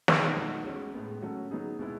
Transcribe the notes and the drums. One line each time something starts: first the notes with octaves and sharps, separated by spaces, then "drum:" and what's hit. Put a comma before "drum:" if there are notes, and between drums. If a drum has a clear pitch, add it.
B2 G#3 B3 D#4, drum: snare
F#3 A3 D#4 F#4
G#3 C#4 F#4
A2 G#3 B3
F#3 A3 C#4 F#4
F#3 B3 D#4 G#4
B2 G#3 B3 E4